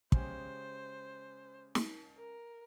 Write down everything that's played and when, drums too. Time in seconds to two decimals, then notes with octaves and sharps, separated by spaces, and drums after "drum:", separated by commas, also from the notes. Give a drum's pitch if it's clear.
0.12 C#3 G#3 C#4 G4 C5, drum: kick
1.75 drum: snare
2.17 A#4